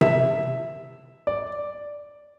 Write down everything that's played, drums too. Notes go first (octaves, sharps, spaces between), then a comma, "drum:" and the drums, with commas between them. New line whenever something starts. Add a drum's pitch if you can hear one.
E5, drum: tom C3
D5